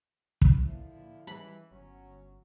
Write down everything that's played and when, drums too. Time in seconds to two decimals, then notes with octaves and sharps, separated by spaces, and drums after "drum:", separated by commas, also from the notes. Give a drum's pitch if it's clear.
0.42 drum: kick
0.63 A#2 D3 F3 E4
1.27 E3 G3 B5
1.71 G1 F#3 C#4